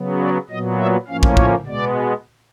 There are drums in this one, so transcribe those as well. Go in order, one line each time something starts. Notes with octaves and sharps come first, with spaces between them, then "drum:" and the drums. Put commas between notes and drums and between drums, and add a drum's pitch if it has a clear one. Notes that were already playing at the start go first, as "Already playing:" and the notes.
Already playing: C#3 F#3 B3
D5
A#2 F#3 B3 D#5
E5
A2 F3 A#3 C#4 F5
drum: kick
C#5, drum: kick
B2 G#3 B3 D5